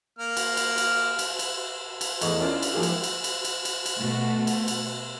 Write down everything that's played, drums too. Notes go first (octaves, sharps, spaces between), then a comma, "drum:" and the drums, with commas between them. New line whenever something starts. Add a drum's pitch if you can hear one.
A#3 F6
drum: cymbal
drum: cymbal
drum: cymbal
drum: cymbal
drum: cymbal
drum: cymbal
E2 A3 D#5 C#6, drum: cymbal
C#4 D4 E4 F4 A#4 D5
drum: cymbal
F3 F#3 G#3 A#3 E4 G4
drum: cymbal
drum: cymbal
drum: cymbal
drum: cymbal
drum: cymbal
drum: cymbal
B2 A3 F#4
drum: cymbal
drum: cymbal